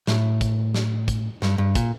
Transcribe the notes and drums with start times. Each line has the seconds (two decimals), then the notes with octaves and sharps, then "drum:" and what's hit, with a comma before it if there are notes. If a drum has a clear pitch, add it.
0.07 A2, drum: snare
0.41 drum: kick, hi-hat
0.74 drum: snare
1.08 drum: kick, hi-hat
1.42 G2, drum: snare
1.58 G2
1.75 A#2, drum: kick, hi-hat